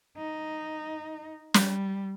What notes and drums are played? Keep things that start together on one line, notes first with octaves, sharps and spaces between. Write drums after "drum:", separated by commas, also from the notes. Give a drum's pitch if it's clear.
D#4
G3, drum: snare